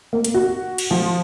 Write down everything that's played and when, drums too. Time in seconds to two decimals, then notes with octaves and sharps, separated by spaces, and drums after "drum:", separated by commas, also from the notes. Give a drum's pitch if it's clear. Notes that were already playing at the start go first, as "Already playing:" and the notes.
0.13 A#3
0.24 drum: hi-hat
0.34 F#4
0.78 drum: cymbal
0.91 F3